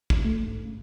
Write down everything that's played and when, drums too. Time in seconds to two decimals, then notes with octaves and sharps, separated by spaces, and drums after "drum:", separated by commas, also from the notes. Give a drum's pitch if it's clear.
0.10 drum: kick
0.24 A3
0.41 G#2
0.64 C#3